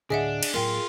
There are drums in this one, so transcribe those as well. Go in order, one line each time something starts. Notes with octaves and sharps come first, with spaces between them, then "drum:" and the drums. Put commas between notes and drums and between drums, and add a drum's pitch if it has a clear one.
D2 A2 D3 D4 G#4 D#5 E5 F#5
drum: cymbal
A2 F#3 B3 F4 A#4 F5 G5